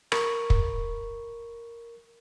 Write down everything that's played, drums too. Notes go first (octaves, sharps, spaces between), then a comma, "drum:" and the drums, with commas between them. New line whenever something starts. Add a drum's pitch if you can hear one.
A#4 B5 C#6, drum: rim click
drum: kick